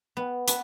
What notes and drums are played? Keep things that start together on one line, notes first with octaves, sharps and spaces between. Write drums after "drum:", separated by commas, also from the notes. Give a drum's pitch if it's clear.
B3
B3, drum: hi-hat